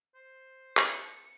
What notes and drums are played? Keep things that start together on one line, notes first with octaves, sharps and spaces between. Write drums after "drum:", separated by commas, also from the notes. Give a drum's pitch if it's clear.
C5
drum: clap
C#7